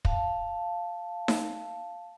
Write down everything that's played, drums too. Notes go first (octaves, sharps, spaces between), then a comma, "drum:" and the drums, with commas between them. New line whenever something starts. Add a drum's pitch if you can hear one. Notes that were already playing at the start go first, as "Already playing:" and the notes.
F5 A5, drum: kick
drum: snare D#4